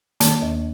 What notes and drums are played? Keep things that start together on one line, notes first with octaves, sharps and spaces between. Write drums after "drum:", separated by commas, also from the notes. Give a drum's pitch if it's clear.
D#3 A#3, drum: hi-hat
D#2